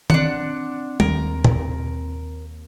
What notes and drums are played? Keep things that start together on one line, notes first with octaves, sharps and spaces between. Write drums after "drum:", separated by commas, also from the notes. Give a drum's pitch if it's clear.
C4 D4 F#5, drum: tom
D#2 A#4, drum: tom
drum: tom